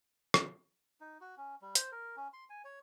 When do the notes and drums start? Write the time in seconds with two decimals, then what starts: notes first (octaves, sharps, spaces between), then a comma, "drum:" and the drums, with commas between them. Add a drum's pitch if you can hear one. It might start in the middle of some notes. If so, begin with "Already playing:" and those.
0.34 drum: rim click
1.01 D#4
1.21 F#4
1.37 C#4
1.62 G3
1.75 C5, drum: hi-hat
1.92 A#4
2.17 C#4
2.33 C6
2.50 G#5
2.64 C#5